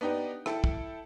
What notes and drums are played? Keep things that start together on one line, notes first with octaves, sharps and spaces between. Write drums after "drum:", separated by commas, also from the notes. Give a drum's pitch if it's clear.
B3 D4 D#4 G4 B4
E4 A4 G5, drum: rim click
drum: kick